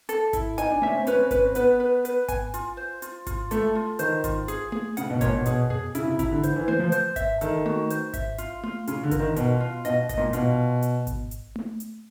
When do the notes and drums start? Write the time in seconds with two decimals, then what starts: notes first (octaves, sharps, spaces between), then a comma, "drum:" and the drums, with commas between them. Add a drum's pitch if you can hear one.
0.09 A4, drum: hi-hat
0.33 E4, drum: kick G#1, hi-hat
0.58 D#4 G#5, drum: hi-hat
0.71 D4
0.82 C#4 E5, drum: tom A3
0.95 C4
1.07 C#4 B4, drum: hi-hat
1.19 C4
1.31 C#4 B4, drum: kick G#1, hi-hat
1.44 C4
1.55 B3 B4, drum: hi-hat
1.80 B4
2.05 B4, drum: hi-hat
2.28 G#5, drum: kick G#1, hi-hat
2.54 F4, drum: hi-hat
2.77 C5
3.02 F4, drum: hi-hat
3.27 F4, drum: kick G#1, hi-hat
3.51 A3 A4, drum: hi-hat
3.75 F4
3.99 D#3 C5, drum: hi-hat
4.24 F4, drum: kick G#1, hi-hat
4.48 G#4, drum: hi-hat
4.72 G#4, drum: tom A3
4.97 C#3 F#5, drum: hi-hat
5.10 B2
5.21 A#2 C#5, drum: kick G#1, hi-hat
5.34 B2
5.46 B2 G#4, drum: hi-hat
5.70 G#4, drum: tom F2
5.95 C#3 E4, drum: hi-hat
6.07 C3
6.19 C3 E4, drum: kick G#1, hi-hat
6.31 D3
6.43 D3 C5, drum: hi-hat
6.56 E3
6.68 C5, drum: tom A3
6.79 F3
6.92 C5, drum: hi-hat
7.16 E5, drum: kick G#1, hi-hat
7.41 D#3 A4, drum: hi-hat
7.66 F#4, drum: tom A3
7.90 C5, drum: hi-hat
8.14 E5, drum: kick G#1, hi-hat
8.38 F4, drum: hi-hat
8.63 F4, drum: tom A3
8.87 C#3 F4, drum: hi-hat
9.03 D3
9.11 A#4, drum: kick G#1, hi-hat
9.20 D#3
9.36 B2 F4, drum: hi-hat
9.60 F4
9.85 B2 D#5, drum: hi-hat
10.09 D#5, drum: kick G#1, hi-hat
10.18 A#2
10.33 B2 F4, drum: hi-hat
10.82 drum: hi-hat
11.07 drum: kick G#1, hi-hat
11.31 drum: hi-hat
11.56 drum: tom A3
11.80 drum: hi-hat